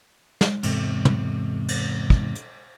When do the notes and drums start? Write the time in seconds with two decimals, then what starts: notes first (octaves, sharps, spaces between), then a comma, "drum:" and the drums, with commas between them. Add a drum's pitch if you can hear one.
0.41 drum: snare
0.63 E2 G#2 C3, drum: cymbal
1.05 drum: tom
1.68 drum: cymbal
2.10 drum: kick
2.35 drum: hi-hat